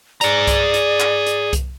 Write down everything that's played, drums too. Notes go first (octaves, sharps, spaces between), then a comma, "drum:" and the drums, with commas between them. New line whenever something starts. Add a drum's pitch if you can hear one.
G#4 D5 A#5, drum: hi-hat
drum: kick C2, hi-hat
drum: hi-hat
drum: clap
drum: hi-hat
drum: kick C2, hi-hat